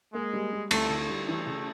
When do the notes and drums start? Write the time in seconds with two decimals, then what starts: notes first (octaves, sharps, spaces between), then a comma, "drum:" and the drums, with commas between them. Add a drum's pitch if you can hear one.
0.14 G#3 A#3
0.33 G3
0.52 G3
0.71 D2 A3, drum: cymbal
0.89 D3
1.09 G3
1.28 E3 A3
1.46 C#3